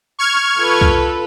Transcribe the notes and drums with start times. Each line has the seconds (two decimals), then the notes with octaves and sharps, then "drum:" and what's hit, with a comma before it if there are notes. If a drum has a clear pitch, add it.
0.19 C#6 F6 G#6
0.57 F4 A4 B4
0.81 drum: kick